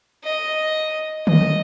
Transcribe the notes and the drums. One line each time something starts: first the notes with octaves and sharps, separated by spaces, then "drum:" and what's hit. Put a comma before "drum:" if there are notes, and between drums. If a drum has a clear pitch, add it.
D#5
D#5, drum: tom D3